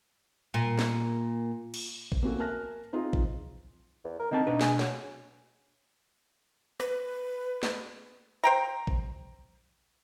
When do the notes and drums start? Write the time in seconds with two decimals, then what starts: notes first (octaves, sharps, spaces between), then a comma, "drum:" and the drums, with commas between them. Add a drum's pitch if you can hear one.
0.54 A#2
0.79 drum: snare
1.74 drum: cymbal
2.12 drum: kick A1
2.23 A#3 C4 C#4 F#4 A4
2.39 A#4 G#5 A5 F6 F#6 A#6
2.93 C4 D#4 F4 G#4
3.13 drum: kick A1
4.04 E2
4.20 A#4
4.31 D3 C4 D#4 A5
4.47 B2 D4 B4
4.61 G#4, drum: snare
4.79 F#3, drum: snare
6.80 B4, drum: rim click
7.63 drum: snare
8.44 C5 G5 A#5
8.87 drum: kick A1